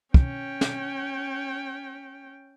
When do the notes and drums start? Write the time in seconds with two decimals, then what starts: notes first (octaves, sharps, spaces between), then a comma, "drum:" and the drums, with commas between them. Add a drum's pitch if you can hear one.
0.14 C#4 G5, drum: kick
0.61 drum: snare